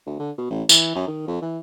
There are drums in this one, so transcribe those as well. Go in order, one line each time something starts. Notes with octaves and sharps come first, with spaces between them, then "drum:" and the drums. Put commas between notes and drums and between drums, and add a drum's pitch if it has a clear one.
D2
D3
B2
A1
E3, drum: tambourine
F#2
D#3
F2
E3